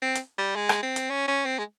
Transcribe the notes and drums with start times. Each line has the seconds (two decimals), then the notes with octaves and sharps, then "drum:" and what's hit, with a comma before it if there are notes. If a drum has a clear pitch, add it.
0.02 C4
0.15 drum: hi-hat
0.38 G3
0.56 G#3
0.69 drum: rim click
0.83 C4
0.96 drum: hi-hat
1.10 C#4
1.28 C#4
1.46 C4
1.58 G#3